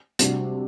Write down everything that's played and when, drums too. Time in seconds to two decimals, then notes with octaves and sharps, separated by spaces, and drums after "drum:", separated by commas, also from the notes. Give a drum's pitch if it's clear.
0.19 C3 G3 D4 F#4, drum: hi-hat